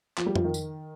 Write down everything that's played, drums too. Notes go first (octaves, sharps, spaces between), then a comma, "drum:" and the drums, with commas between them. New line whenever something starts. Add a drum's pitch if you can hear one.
F3, drum: clap
G3
F3, drum: tom F2
D#3
drum: tambourine